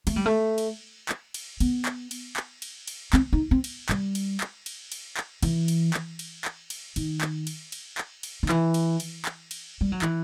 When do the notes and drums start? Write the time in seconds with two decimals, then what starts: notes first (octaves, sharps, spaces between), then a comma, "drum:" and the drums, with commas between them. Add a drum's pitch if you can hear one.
0.07 A3, drum: cymbal
0.16 G3
0.26 A3
0.58 drum: cymbal
1.09 drum: clap
1.34 drum: cymbal
1.60 B3, drum: cymbal
1.85 drum: clap
2.11 drum: cymbal
2.36 drum: clap
2.62 drum: cymbal
2.87 drum: cymbal
3.13 C4, drum: clap
3.33 D#4
3.51 C4
3.64 drum: cymbal
3.89 G3, drum: clap
4.15 drum: cymbal
4.41 drum: clap
4.66 drum: cymbal
4.92 drum: cymbal
5.17 drum: clap
5.43 E3, drum: cymbal
5.68 drum: cymbal
5.94 drum: clap
6.19 drum: cymbal
6.45 drum: clap
6.70 drum: cymbal
6.96 D#3, drum: cymbal
7.21 drum: clap
7.47 drum: cymbal
7.72 drum: cymbal
7.98 drum: clap
8.23 drum: cymbal
8.43 D#3
8.49 E3, drum: clap
8.74 drum: cymbal
9.00 drum: cymbal
9.25 drum: clap
9.51 drum: cymbal
9.81 G3
9.92 F#3
10.02 E3, drum: clap